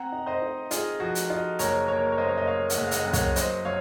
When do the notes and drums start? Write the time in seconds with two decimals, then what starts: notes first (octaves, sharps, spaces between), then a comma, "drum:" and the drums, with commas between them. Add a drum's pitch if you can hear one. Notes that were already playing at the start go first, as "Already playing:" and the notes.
Already playing: C4 F#5 A#5
0.12 D#4
0.26 C5 D#5
0.42 D#4
0.71 D#4 F4 G#4, drum: hi-hat
1.00 F3 F#4
1.15 drum: hi-hat
1.30 D#4 F4
1.59 F#1 A#4 C#5, drum: hi-hat
1.88 A#3 A#4 C#5
2.12 C#5
2.18 F#2 C5 D#5
2.29 C#5
2.37 D#5
2.47 A#3 C#5 F5
2.70 D#5 F#5, drum: hi-hat
2.77 F#1
2.86 F5
2.91 D#5 F#5, drum: hi-hat
3.04 F#2 F#5
3.13 C#5 F5, drum: kick, hi-hat
3.36 F#3 C5 D#5, drum: hi-hat
3.65 F#3 C#5 F5